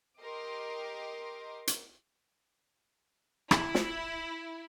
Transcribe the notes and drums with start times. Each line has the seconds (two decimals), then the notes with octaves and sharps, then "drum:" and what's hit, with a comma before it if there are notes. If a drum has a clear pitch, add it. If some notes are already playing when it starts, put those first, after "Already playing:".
0.21 G4 A#4 D#5 C6 D6
1.67 drum: hi-hat
3.51 E4, drum: rim click
3.75 drum: snare